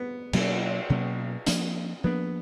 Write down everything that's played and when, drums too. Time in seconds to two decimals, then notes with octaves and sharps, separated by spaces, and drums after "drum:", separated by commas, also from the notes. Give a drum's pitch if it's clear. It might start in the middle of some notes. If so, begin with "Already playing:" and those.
Already playing: B3
0.33 B2 F#3 A#3 C#4, drum: cymbal
0.90 B2 F#3 A#3 C#4
1.46 F3 A#3 D4, drum: hi-hat
2.04 F3 A#3 B3 D4